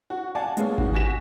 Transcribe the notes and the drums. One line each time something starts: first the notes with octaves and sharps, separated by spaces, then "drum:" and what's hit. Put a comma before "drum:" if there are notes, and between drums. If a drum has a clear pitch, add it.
F#4
D5 F5 F#5 G#5 A5
G#3 A#3 B3 C#4 F4 G#4, drum: hi-hat
D#3 F#4, drum: kick G#1
F#4 G4 G#5 A#6 B6 E7